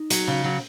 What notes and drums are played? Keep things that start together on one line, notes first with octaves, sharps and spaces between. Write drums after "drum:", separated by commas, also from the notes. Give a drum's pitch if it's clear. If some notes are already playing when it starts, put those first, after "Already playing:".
Already playing: D#4
F#3, drum: hi-hat
C#3
F#3